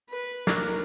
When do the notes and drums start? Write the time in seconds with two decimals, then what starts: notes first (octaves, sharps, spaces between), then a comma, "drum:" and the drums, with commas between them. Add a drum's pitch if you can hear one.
0.10 B4
0.47 F#3 A#3 D4 A#4, drum: snare